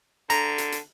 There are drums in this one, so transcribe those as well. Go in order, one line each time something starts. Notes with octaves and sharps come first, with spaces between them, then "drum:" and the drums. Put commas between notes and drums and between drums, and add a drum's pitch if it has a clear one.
D3 A#5, drum: hi-hat
drum: hi-hat
drum: hi-hat